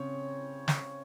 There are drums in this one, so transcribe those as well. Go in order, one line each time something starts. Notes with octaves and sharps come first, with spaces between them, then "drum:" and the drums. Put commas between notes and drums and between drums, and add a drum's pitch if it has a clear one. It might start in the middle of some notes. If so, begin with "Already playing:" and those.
Already playing: C#3 C4 C#5
drum: snare